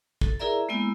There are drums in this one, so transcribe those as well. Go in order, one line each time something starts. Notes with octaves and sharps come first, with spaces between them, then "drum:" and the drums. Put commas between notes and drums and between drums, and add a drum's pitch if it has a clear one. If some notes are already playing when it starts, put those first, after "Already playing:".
A4, drum: kick
E4 G#4 A#4 D5 E5 A#5
G#3 A#3 B3 E4 E6